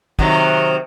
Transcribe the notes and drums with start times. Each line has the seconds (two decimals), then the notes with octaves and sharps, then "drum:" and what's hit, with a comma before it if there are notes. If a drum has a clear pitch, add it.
0.19 C3 D#3 F#3, drum: kick